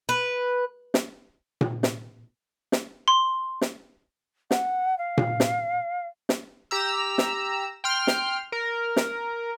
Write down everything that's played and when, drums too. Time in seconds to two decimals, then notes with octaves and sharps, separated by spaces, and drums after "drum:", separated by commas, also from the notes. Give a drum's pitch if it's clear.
0.09 B4
0.94 drum: snare
1.61 drum: tom A#2
1.83 drum: snare
2.72 drum: snare
3.08 C6
3.61 drum: snare
4.51 F#5, drum: snare
4.98 F5
5.17 drum: tom A#2
5.40 drum: snare
6.29 drum: snare
6.71 G4 A#5 E6
7.18 drum: snare
7.84 G5 C6 F6
8.07 drum: snare
8.52 A#4
8.96 drum: snare